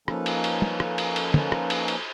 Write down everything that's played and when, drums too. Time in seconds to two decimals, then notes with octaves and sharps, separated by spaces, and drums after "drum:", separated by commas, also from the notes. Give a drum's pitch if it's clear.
0.08 F3 A#3 C#4 D#4 A4 B4, drum: rim click
0.26 drum: cymbal
0.44 drum: cymbal
0.62 drum: tom
0.80 drum: rim click
0.98 drum: cymbal
1.16 drum: cymbal
1.34 drum: tom
1.52 drum: rim click
1.70 drum: cymbal
1.88 drum: cymbal